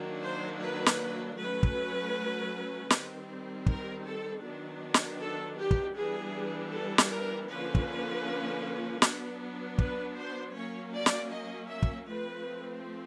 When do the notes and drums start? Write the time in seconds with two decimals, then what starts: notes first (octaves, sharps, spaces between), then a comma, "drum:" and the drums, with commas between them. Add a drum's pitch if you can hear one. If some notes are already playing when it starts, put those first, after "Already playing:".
Already playing: D#3 F#3 A#3 D4
0.22 C5
0.61 B4
0.86 drum: snare
1.38 F#3 A3 C#4 B4
1.63 drum: kick
2.90 D#3 G3 C4, drum: snare
3.66 A#4, drum: kick
4.05 A4
4.43 D#3 F#3 B3 D4
4.94 drum: snare
5.20 A4
5.58 G4
5.71 drum: kick
5.96 E3 G3 B3 D4 G#4
6.73 A4
6.98 drum: snare
7.10 A#4
7.49 D3 F3 A#3 C#4 B4
7.75 drum: kick
9.02 F#3 B3 D4, drum: snare
9.78 B4, drum: kick
10.17 C5
10.55 F#3 A#3 C#4 C#5
10.93 D5
11.06 drum: snare
11.31 D#5
11.69 E5
11.82 drum: kick
12.08 F3 A3 C4 B4